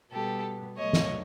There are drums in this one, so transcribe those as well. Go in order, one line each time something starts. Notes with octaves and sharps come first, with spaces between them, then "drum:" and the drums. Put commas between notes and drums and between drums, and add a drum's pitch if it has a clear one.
B2 G3 B3 G4 A4
B2 F#3 A3 C#5 D#5
drum: snare